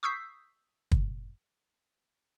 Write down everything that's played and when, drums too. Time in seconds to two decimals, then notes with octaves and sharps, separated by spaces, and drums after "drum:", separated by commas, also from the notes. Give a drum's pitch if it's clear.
0.03 C#6 D#6 E6 G6 B6 C7
0.91 drum: kick